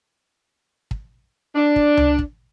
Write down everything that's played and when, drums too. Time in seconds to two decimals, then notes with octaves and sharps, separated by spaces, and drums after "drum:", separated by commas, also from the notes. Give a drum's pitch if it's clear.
0.91 drum: kick
1.55 D4
1.76 drum: kick
1.97 drum: tom C#2
2.19 drum: kick